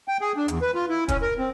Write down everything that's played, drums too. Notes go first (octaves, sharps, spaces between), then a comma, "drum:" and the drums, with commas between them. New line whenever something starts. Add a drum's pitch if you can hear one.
G5
G#4
D4
E2, drum: hi-hat
B4
F4
E4
C#4, drum: kick, hi-hat
A#4
C4